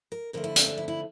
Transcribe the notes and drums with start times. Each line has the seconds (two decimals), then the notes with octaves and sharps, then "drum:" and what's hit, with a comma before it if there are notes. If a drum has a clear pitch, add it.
0.12 A#4
0.33 F2 D3 A3 A#4
0.44 E4
0.56 D4, drum: hi-hat
0.66 D4
0.78 E4
0.88 E4